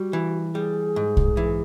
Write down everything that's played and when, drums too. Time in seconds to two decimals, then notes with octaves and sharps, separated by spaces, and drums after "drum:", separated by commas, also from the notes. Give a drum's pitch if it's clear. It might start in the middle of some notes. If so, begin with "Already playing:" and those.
Already playing: G3 F#4
0.13 E3
0.54 G3 G#4
0.96 G#2
1.17 drum: kick B1
1.37 E3